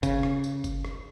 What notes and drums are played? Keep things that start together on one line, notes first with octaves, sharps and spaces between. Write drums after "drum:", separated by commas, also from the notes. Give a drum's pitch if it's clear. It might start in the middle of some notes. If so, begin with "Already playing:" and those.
C#3, drum: kick, tambourine
drum: rim click
drum: tambourine
drum: kick, tambourine
drum: rim click